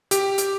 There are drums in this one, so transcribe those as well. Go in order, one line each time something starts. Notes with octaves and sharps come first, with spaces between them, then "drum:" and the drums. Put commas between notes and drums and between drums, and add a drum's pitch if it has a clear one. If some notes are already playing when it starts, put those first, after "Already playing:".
G4, drum: hi-hat
drum: hi-hat